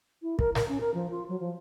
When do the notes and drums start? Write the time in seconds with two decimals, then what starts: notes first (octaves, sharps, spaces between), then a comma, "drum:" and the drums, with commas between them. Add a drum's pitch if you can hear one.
0.22 E4
0.39 A#4, drum: kick
0.55 A#4, drum: snare
0.68 C#4
0.80 A#4
0.94 F3
1.11 F4
1.29 F#3
1.40 F3